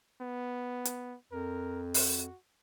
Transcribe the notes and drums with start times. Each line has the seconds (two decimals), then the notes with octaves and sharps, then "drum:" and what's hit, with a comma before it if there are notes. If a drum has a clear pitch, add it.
0.21 B3
0.85 drum: hi-hat
1.32 F2 A#4
1.94 F#4, drum: open hi-hat